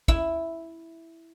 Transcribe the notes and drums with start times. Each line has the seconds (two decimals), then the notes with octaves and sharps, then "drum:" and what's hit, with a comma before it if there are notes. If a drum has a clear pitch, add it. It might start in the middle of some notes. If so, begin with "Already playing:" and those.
0.08 E4, drum: kick